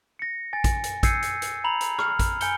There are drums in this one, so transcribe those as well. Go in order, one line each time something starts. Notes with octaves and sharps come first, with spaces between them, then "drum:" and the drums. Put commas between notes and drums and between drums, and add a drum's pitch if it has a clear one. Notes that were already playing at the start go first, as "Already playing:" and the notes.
A#6 C#7
G#5 A6
drum: kick A1, hi-hat
drum: hi-hat
E6 G6 G#6 C7 C#7 D#7, drum: kick A1, hi-hat
drum: hi-hat
drum: hi-hat
A#5 B5 F7 F#7
drum: hi-hat
F6, drum: rim click
drum: kick A1, hi-hat
G#5 G6 C#7 G7, drum: hi-hat